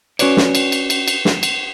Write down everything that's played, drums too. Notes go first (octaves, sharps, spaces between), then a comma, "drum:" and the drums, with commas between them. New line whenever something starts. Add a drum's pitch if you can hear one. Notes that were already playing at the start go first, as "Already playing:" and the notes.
C#4 F#4 B4 C#5 D5, drum: cymbal
drum: snare
drum: cymbal
drum: cymbal
drum: cymbal
drum: cymbal
drum: snare
drum: cymbal